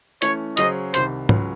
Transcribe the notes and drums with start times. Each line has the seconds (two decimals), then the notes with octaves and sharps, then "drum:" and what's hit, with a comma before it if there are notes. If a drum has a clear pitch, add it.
0.22 E3 A3 C#4 C#5, drum: hi-hat
0.57 C#3 F#3 C#4 G#4 C5 D#5, drum: hi-hat
0.94 C2 C3 D#3 C5, drum: hi-hat
1.29 C#2 C#3 F#3 C#4, drum: tom G#2